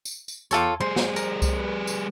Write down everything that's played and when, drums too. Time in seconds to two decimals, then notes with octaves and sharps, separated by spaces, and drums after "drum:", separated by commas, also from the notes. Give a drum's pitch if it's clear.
0.05 drum: tambourine
0.28 drum: tambourine
0.51 E2 F4 A4 C#5 G5 D6, drum: tambourine
0.80 G3 G#4 C5 C6
0.96 drum: snare
1.16 A#4, drum: tambourine
1.42 drum: kick C2, tambourine
1.58 B4
1.87 drum: tambourine